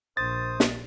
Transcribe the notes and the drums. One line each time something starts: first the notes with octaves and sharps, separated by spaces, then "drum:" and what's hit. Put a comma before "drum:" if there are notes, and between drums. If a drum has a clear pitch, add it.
A#1 C5 D#6 A6
drum: snare